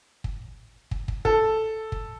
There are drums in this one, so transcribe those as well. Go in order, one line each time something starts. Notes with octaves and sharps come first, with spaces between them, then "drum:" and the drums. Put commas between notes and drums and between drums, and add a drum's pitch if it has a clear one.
drum: kick
drum: kick
drum: kick
A4, drum: kick
drum: kick